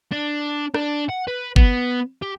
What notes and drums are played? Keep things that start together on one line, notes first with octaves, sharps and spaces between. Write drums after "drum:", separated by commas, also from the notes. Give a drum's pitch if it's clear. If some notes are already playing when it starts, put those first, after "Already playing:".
D4
D4, drum: rim click
F#5
B4
B3, drum: kick G1
G4